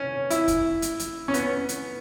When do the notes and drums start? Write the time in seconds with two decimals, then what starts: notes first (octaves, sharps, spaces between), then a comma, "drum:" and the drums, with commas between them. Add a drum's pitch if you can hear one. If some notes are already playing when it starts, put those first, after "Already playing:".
Already playing: C#4
0.30 E4, drum: hi-hat
0.48 drum: kick, hi-hat
0.82 drum: hi-hat
1.00 drum: hi-hat
1.28 C#4
1.34 B3, drum: hi-hat
1.69 drum: hi-hat